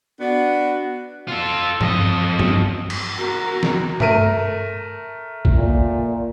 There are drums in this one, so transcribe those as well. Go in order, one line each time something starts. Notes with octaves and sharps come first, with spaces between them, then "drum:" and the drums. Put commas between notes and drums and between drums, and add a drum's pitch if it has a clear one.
B3 D4 F#4
F4 A4
F2 D#5, drum: tom G2
drum: tom G2
drum: cymbal
F#4 A#4
drum: snare
A3 A#4 D#7, drum: tom G2
drum: kick
A#2